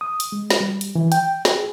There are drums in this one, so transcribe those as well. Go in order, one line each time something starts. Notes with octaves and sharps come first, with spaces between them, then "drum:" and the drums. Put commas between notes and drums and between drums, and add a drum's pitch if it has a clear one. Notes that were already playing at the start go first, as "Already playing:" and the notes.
D#6
drum: hi-hat
G#3
drum: snare
G3
drum: hi-hat
E3
G5, drum: hi-hat
G#4, drum: snare